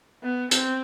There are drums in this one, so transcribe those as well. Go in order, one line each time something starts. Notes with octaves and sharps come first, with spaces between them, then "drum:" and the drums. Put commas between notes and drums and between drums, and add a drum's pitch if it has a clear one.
B3
C4, drum: hi-hat